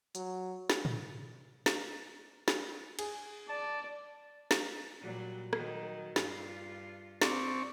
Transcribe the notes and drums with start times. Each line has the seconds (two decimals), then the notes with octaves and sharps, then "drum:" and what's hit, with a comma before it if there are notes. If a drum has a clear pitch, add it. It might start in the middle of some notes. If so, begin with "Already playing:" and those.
0.15 F#3, drum: hi-hat
0.70 drum: snare
0.85 drum: tom
1.66 drum: snare
2.48 drum: snare
2.99 G#4, drum: cymbal
3.49 D5 A5
4.51 drum: snare
5.01 A#2 F#3 G3
5.53 D#3 F#3, drum: rim click
6.16 G2 F4, drum: snare
7.22 C4 D5 C#6, drum: snare